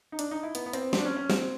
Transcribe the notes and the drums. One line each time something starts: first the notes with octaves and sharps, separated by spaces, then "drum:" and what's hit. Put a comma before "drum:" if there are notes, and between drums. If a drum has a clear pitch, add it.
D#4
D4, drum: hi-hat
D#4
E4
B3, drum: hi-hat
B3
C4, drum: hi-hat
C4, drum: snare
D4
C#4
C#4
C4, drum: snare